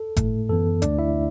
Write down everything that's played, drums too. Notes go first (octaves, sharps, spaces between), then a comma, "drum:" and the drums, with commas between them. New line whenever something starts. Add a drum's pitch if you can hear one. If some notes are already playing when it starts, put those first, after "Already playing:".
Already playing: A4
A2 A3, drum: kick G1, hi-hat
F#2 E3 B3 A4
D2 D3 A3 D4 D5, drum: hi-hat
E4 E5